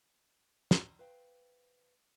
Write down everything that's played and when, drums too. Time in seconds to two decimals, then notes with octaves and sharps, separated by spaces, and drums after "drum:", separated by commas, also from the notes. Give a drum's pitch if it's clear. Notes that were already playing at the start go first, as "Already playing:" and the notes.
0.71 drum: snare
0.99 B4 C5 F5 G5